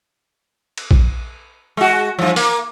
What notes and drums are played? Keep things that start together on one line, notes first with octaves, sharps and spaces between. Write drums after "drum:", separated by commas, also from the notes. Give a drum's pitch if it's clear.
drum: cymbal
drum: kick A#1
G#3 F#4
G2 F3
A#3, drum: open hi-hat